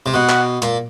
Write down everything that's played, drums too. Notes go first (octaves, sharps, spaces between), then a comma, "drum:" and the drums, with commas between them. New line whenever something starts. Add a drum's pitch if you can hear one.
C3
B2 F#5
drum: clap
A#2, drum: hi-hat